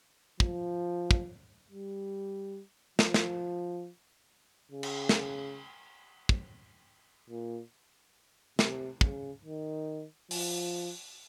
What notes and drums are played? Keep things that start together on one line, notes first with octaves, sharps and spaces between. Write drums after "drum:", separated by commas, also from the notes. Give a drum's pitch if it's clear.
F3, drum: kick
drum: kick
G3
F3, drum: snare
drum: snare
C#3
drum: cymbal
drum: snare
drum: kick
A#2
C3, drum: snare
C#3, drum: kick
D#3
F3, drum: open hi-hat